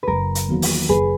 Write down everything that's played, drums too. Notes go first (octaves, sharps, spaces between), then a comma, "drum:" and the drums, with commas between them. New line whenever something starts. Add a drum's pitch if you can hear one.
F#1 A#4 B4
drum: hi-hat
E2 D#3 F#3 A#3
drum: open hi-hat
F#1 G#4 B4